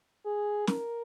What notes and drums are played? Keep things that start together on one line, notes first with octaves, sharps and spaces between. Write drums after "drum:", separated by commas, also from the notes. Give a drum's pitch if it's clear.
G#4
A#4, drum: snare